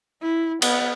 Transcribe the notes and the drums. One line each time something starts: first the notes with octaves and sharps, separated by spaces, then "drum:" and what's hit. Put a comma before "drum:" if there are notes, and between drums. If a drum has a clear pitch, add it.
E4
B3, drum: cymbal